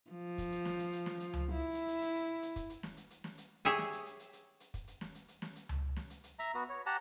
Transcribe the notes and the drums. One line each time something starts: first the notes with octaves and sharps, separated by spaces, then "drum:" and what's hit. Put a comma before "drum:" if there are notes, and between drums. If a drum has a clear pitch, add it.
F3
drum: kick, hi-hat
drum: hi-hat
drum: snare
drum: hi-hat
drum: hi-hat
drum: snare
drum: hi-hat
drum: tom C#2
E4
drum: hi-hat
drum: hi-hat
drum: hi-hat
drum: hi-hat
drum: hi-hat
drum: kick, hi-hat
drum: hi-hat
drum: snare
drum: hi-hat
drum: hi-hat
drum: snare
drum: hi-hat
G4 G#4 C#5 E5 G5 G#5
drum: snare
drum: hi-hat
drum: hi-hat
drum: hi-hat
drum: hi-hat
drum: hi-hat
drum: kick, hi-hat
drum: hi-hat
drum: snare
drum: hi-hat
drum: hi-hat
drum: snare
drum: hi-hat
drum: tom C#2
drum: snare
drum: hi-hat
drum: hi-hat
E5 A#5, drum: hi-hat
B3 F#4
C#5
G4 F#5 A5 A#5